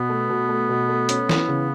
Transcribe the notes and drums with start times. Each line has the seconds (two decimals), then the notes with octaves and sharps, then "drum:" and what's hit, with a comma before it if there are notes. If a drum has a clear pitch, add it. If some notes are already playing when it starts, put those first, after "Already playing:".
Already playing: B2 B3
0.09 A3
0.29 B2
0.49 A3
0.69 B2
0.89 A3
1.09 C#4, drum: hi-hat
1.29 E3, drum: snare
1.48 C#3